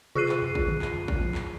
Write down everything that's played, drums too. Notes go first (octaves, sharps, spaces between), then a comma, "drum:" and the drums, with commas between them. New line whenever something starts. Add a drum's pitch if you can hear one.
F4 G#4 F#6 C7 D#7, drum: tom B2
drum: clap
drum: tom F2
drum: kick
drum: tom D3
drum: clap
drum: tom F2
drum: kick
drum: tom E3
drum: clap